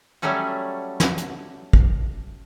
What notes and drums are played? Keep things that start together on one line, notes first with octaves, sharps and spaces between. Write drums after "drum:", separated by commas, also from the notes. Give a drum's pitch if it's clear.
F#3 G3 A3 C#4 F#4
drum: snare
drum: hi-hat
drum: kick